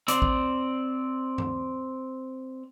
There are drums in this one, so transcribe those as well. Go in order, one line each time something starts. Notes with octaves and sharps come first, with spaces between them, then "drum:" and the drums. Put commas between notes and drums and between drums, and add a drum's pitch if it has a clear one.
C4 D5, drum: hi-hat
drum: kick A1
drum: tom G2